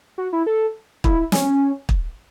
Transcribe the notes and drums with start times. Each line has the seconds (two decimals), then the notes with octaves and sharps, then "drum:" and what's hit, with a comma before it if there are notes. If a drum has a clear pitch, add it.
0.18 F#4
0.33 E4
0.47 A4
1.04 E4, drum: kick
1.32 C#4, drum: snare
1.89 drum: kick